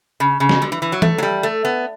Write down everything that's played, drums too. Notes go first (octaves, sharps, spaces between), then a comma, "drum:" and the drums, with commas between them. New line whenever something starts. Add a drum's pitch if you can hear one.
C#3
C#3
drum: snare
D3
E3
E3
F#3
A3, drum: tom
F#3
G3
A3
B3